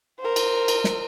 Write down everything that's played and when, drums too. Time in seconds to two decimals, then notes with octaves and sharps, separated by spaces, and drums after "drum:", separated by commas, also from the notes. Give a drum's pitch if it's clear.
0.20 A#4 C5
0.36 drum: cymbal
0.68 drum: cymbal
0.84 drum: snare